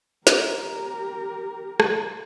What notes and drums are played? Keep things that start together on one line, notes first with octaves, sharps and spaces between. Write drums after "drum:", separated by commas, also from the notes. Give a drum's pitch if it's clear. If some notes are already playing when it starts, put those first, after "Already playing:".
G4 A#4, drum: snare
drum: rim click